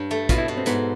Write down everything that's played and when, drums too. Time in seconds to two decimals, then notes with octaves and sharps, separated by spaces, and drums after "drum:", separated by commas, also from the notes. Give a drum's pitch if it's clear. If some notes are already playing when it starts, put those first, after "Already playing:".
Already playing: G2
0.11 A3
0.29 B2 F4, drum: kick A#1, hi-hat
0.38 E4
0.48 B2
0.57 C4
0.66 G#2 B3, drum: hi-hat